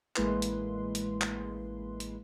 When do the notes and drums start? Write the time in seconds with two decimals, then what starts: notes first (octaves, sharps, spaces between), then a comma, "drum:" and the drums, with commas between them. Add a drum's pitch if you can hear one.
0.16 A1 G#3 A#3 E4 B4 C6, drum: clap
0.42 drum: hi-hat
0.95 drum: hi-hat
1.21 drum: clap
2.00 drum: hi-hat